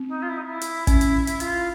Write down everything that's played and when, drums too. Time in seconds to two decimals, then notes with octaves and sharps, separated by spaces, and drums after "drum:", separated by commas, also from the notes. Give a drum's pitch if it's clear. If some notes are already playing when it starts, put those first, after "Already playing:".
Already playing: C4
0.08 D#4
0.22 F4
0.29 E4
0.37 D#4
0.45 E4
0.61 drum: hi-hat
0.87 C#4, drum: kick, hi-hat
1.01 drum: hi-hat
1.27 drum: hi-hat
1.40 F4, drum: hi-hat